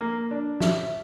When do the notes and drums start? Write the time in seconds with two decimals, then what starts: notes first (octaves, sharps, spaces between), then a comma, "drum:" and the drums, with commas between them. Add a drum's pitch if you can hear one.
0.01 A#3
0.31 D4
0.60 E5, drum: snare